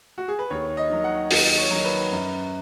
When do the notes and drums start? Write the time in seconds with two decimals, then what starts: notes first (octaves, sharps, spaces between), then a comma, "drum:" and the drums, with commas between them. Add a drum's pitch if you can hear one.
0.18 F#4
0.28 G#4
0.39 B4
0.50 D#2 C#5
0.77 D#5
0.90 D#3 F#3
1.04 F#5
1.31 D#2 D#5, drum: open hi-hat
1.58 C#5
1.71 D#3 F#3
1.84 B4
2.12 F#2